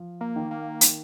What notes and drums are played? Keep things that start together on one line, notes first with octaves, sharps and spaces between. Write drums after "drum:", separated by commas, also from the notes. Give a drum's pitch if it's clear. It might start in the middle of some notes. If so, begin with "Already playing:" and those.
Already playing: F3
A#3
D#3
A#3
drum: hi-hat